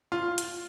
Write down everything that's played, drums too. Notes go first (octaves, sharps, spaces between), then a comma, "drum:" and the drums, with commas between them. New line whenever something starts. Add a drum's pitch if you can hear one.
F4
drum: hi-hat